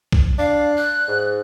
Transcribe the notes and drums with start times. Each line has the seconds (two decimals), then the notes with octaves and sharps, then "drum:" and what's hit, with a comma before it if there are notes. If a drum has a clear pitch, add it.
0.12 drum: kick
0.38 D4 F5
0.76 F#6
1.08 G#2